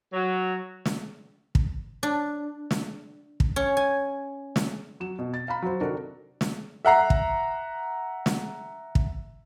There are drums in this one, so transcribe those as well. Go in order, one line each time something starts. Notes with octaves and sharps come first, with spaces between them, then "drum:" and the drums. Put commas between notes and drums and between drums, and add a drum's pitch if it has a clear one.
F#3
drum: snare
drum: kick
D4
drum: snare
drum: kick
C#4
G#5
drum: snare
F#3 E7
B2
A6
F5 A#5 B5
F#3 C5
C3 D#3 D4 F#4 A4 A#4
drum: snare
E5 F#5 A#5 C7
drum: kick
drum: snare
drum: kick